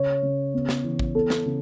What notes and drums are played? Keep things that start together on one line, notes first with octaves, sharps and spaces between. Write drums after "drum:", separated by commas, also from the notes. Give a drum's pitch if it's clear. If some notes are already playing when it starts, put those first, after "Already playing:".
Already playing: C#3 C#5
C#3
B3
drum: snare
E3
drum: kick A1
B3 A4
drum: snare
C#3